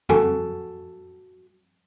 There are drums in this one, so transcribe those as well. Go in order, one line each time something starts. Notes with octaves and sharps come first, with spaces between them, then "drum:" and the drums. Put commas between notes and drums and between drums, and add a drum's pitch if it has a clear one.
F#4 A4 G#5, drum: tom